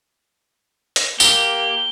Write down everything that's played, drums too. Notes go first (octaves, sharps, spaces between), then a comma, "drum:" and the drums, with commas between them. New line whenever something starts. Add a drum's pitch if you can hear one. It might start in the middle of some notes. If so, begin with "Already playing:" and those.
drum: hi-hat
A#3 G4 G7, drum: tambourine